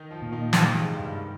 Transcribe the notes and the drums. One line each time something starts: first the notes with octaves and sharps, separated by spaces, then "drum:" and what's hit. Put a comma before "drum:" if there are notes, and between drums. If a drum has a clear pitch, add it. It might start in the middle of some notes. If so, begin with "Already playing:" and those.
Already playing: D#3 D#4
F3 F4
A#2
D#3 D#4
C3 C4, drum: snare
G#2 G#3
G2 G3
D#3